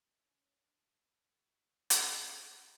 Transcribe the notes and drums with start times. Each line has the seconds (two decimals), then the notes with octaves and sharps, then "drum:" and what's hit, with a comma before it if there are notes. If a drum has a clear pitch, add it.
0.22 C#4
0.59 D4
0.98 E4
1.37 F#4
1.90 drum: hi-hat
2.12 F#4